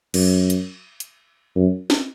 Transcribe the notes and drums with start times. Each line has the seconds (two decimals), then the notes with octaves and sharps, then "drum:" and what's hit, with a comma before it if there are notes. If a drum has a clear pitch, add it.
0.14 F#2, drum: cymbal
0.50 drum: hi-hat
1.00 drum: hi-hat
1.56 F#2
1.90 drum: snare